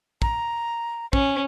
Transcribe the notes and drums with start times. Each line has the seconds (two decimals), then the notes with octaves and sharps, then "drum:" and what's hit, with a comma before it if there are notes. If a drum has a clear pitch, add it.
0.22 A#5, drum: kick
1.13 C#4, drum: kick